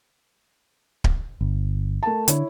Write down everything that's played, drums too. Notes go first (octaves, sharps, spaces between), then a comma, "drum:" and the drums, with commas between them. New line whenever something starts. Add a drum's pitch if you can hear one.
drum: kick D1
G1
A3 A#4 A5
D3 E4 C#5, drum: hi-hat